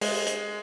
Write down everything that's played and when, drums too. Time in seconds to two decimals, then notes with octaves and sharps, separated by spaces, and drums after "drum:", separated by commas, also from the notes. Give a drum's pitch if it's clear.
0.01 G#3, drum: open hi-hat
0.26 drum: hi-hat